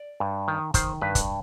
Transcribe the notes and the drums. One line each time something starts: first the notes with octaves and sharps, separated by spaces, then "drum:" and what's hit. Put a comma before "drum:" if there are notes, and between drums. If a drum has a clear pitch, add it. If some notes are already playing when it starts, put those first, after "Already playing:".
Already playing: D5
G2
D#3
D#3 C5, drum: kick, hi-hat
G2 B4
drum: kick, hi-hat